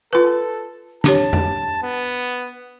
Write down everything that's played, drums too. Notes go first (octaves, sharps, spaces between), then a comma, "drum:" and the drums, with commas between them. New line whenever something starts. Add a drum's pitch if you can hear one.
F4 A4 B4
D4 G4 C#5 A5, drum: snare
drum: tom F2
B3